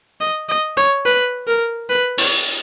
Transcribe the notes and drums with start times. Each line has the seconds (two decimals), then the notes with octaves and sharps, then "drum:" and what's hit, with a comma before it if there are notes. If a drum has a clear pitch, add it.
0.21 D#5
0.49 D#5
0.77 C#5
1.05 B4
1.48 A#4
1.90 B4
2.18 C#5, drum: open hi-hat